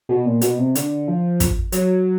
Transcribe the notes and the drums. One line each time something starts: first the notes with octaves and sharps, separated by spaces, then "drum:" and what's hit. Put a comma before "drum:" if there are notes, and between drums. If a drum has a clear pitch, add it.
B2
A#2
B2, drum: hi-hat
C3
D3, drum: hi-hat
F3
drum: kick, hi-hat
F#3, drum: hi-hat